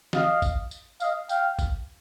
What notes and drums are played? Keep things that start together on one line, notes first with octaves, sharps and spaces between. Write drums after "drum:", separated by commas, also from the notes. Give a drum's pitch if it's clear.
D#5 F5, drum: snare
drum: kick A1, tambourine
drum: tambourine
D#5 F5, drum: tambourine
F5 G5, drum: tambourine
drum: kick A1, tambourine